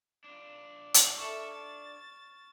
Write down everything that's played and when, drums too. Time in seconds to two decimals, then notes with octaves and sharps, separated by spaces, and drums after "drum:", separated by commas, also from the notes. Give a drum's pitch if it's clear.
0.24 D4 F4
0.94 drum: hi-hat
1.18 A4 E5 C#6 F6 E7
1.53 A6